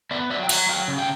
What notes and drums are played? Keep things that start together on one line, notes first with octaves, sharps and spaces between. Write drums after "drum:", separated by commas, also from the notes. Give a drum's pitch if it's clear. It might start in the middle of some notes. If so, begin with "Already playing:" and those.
B3 D5 E5
F#3 D5 E5
G5
F#3 E5 F#5, drum: cymbal
F#3 F5 G5
C#3
F5 G5